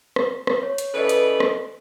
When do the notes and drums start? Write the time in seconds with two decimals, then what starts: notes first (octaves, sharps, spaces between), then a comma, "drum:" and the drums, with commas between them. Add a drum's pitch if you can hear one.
0.16 drum: rim click
0.47 drum: rim click
0.63 C#5
0.78 drum: hi-hat
0.94 C#3 E3 A4 B4 D5 D#5
1.09 drum: hi-hat
1.40 drum: rim click